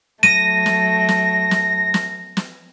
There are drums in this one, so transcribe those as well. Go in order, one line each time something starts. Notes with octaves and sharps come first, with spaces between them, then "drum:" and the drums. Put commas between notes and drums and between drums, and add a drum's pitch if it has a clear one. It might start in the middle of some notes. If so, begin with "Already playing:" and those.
F#3 A3 A#6 D#7, drum: snare
drum: snare
drum: snare
drum: snare
drum: snare
drum: snare